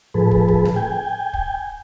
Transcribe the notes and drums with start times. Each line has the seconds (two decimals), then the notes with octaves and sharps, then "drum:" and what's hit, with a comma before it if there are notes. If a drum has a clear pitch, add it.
0.14 A2 F3 G#4 A4 B4
0.31 drum: kick
0.48 drum: kick
0.65 drum: snare
0.76 G5 G#5
1.33 drum: kick